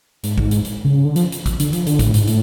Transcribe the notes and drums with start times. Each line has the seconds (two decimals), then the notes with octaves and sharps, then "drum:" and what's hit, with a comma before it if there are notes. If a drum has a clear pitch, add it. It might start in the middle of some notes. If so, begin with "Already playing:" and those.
0.23 G#2, drum: hi-hat
0.38 drum: kick
0.51 drum: hi-hat
0.65 drum: hi-hat
0.84 C#3
1.05 D3
1.16 F3, drum: hi-hat
1.32 drum: hi-hat
1.46 drum: kick, hi-hat
1.60 D3, drum: hi-hat
1.73 F3, drum: hi-hat
1.87 D3, drum: hi-hat
1.99 A2, drum: kick, hi-hat
2.14 G#2, drum: hi-hat
2.27 A2, drum: hi-hat